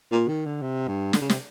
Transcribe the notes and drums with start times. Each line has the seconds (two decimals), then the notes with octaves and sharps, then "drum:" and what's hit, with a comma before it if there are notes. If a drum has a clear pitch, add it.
0.11 A#2
0.28 D#3
0.46 D3
0.62 C3
0.88 G2
1.13 D3, drum: snare
1.21 C#3
1.30 C3, drum: snare